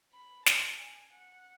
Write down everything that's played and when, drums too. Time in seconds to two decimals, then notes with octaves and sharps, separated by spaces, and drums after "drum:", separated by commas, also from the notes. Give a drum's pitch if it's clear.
0.12 B5
0.46 A5, drum: snare
0.79 G#5
1.13 F#5